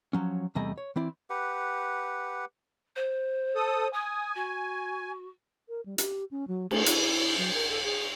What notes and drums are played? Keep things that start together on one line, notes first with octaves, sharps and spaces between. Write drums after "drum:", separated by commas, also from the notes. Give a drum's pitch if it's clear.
F3 F#3 C#4
E2 C3 G3 A3 D#5 G#5
C#5
E3 C4 E4 D5
G4 B4 F#5
C5
A4 D#6
G#5 D#6
F#4
A#4
G3
G4, drum: hi-hat
C#4
F#3
A3, drum: cymbal
E4, drum: hi-hat
F#3
A#4
A4
G#4